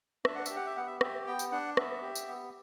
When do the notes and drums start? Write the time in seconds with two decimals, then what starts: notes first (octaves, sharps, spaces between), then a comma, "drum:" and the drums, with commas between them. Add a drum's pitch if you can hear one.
0.25 D4 E5, drum: rim click
0.35 F#5
0.46 G4 E5, drum: tambourine
0.56 F#5
0.66 E5
0.76 B3 F#5
0.87 E5
1.01 G4 E5, drum: rim click
1.27 B3 G5
1.39 drum: tambourine
1.52 D4 F#5
1.77 B3 E5, drum: rim click
2.02 G4
2.15 drum: tambourine
2.28 B3